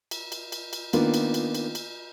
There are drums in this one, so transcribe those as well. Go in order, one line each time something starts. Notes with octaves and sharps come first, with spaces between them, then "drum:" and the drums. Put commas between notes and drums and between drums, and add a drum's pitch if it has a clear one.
drum: cymbal
drum: cymbal
drum: cymbal
drum: cymbal
D#3 A#3 B3 D4 D#4 F4, drum: cymbal
drum: cymbal
drum: cymbal
drum: cymbal
drum: cymbal